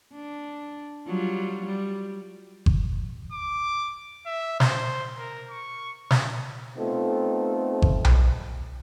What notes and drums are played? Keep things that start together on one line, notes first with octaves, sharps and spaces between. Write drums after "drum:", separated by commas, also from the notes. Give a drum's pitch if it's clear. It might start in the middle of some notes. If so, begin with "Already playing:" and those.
D4
F#3 G3 F4
G3
drum: kick G1
D6
E5
C5, drum: snare
A#4
C#6
drum: snare
A3 B3 C4 D#4 F4 A4
drum: kick G1
drum: tom B1